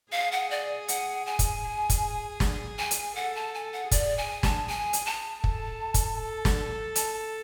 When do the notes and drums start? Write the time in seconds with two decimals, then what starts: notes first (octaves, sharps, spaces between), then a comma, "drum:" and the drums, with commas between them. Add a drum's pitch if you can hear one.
0.12 G#4 F5
0.32 F#5
0.51 D5
0.88 F#5, drum: hi-hat
1.26 G#5
1.39 drum: kick, hi-hat
1.64 G#4
1.90 drum: kick, hi-hat
2.40 drum: snare
2.79 G#5
2.91 drum: hi-hat
3.16 A4 F#5
3.35 A5
3.54 G#5
3.73 F#5
3.91 G#4 D5, drum: kick, hi-hat
4.18 G#5
4.43 A5, drum: snare
4.68 G#5
4.93 drum: hi-hat
5.06 A5
5.44 A4, drum: kick
5.94 drum: kick, hi-hat
6.19 A4
6.45 drum: snare
6.96 A5, drum: hi-hat